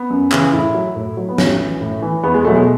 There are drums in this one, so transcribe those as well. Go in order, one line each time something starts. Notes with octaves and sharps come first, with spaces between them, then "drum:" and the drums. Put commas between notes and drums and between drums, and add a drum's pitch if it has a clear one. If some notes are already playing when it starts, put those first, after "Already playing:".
Already playing: B3
F#2
C#3 E3, drum: clap
A2 E4
F#3
A2
F#3
B3
A2 C#4, drum: snare
E3
A2
E3
E2 B3
G#3
B2 F#3 A3
G#3